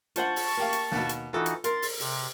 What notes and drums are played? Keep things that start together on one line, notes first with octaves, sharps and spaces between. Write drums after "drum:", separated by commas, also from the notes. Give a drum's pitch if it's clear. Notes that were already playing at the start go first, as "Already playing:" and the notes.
F4 C5 F#5 A5 C#6, drum: hi-hat
drum: open hi-hat
A#3 G4 F5
drum: hi-hat
D#2 B2, drum: snare
drum: hi-hat
E3 D#4 F4 F#4 A4
drum: hi-hat
A#4 C6 A6, drum: hi-hat
drum: open hi-hat
C3, drum: open hi-hat